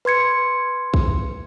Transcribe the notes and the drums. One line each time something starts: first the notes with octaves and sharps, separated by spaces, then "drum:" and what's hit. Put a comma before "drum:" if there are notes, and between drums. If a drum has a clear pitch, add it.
B4 C6 G#6 C#7
drum: kick B1